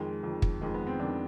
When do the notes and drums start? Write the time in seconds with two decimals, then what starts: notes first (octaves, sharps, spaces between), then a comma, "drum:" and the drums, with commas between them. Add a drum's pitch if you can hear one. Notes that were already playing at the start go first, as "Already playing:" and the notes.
Already playing: F2 D#3 G#3
0.23 F2 D#3
0.42 drum: kick
0.61 F2 D#3 G#3
0.74 B3
0.87 C4
0.99 F2 D#3 D4